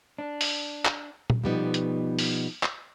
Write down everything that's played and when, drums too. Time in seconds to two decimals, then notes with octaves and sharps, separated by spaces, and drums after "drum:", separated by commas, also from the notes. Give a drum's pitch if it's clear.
0.18 D4
0.41 drum: open hi-hat
0.85 drum: clap
1.30 drum: tom A#2
1.44 B2 F3 G3 B3 D#4
1.74 drum: hi-hat
2.19 drum: open hi-hat
2.63 drum: clap